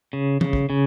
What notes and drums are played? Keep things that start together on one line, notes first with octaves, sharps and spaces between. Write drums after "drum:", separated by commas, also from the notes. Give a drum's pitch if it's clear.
C#3
C#3, drum: tom
drum: kick
C#3